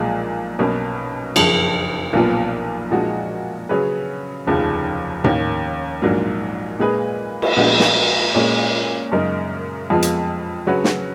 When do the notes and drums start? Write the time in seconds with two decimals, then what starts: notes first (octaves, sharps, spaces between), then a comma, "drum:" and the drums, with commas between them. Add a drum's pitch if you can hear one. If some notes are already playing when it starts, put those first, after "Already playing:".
Already playing: B1 A#2 F3 G#3
0.59 B1 B2 A#3 C#4
1.36 F#1 F2 C#3 F3, drum: cymbal
2.13 B1 A#2 F3 B3 F4
2.91 A#2 F3 G#3 D#4 F#4
3.69 C#3 F#3 C#4 G#4 B4
4.47 F1 D#2 C#3 F3
5.24 D#2 D#3 A#3 C#4, drum: tom A2
6.02 A#1 G#2 F#3 A#3 F4
6.79 A#2 G#3 D#4 G#4 B4
7.42 drum: cymbal
7.56 A#1 A#2 G#3 B3 F#4
7.80 drum: snare
8.35 A#2 G#3 C#4
9.12 F#2 C#3 G#3 D#4 A#4
9.90 F2 F3 G#3 B3 F4
10.02 drum: hi-hat
10.67 C#3 F#3 C#4 F#4 B4
10.84 drum: snare